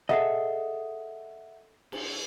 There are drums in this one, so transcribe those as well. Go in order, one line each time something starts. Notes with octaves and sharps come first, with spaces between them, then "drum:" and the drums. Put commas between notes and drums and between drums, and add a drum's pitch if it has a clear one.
G#4 A4 D#5 E5 F#5, drum: tom
drum: cymbal